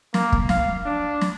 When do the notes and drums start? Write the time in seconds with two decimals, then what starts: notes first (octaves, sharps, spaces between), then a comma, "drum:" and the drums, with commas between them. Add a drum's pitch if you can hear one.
0.14 A#3, drum: snare
0.32 drum: kick
0.49 F5, drum: snare
0.86 D4
1.21 drum: snare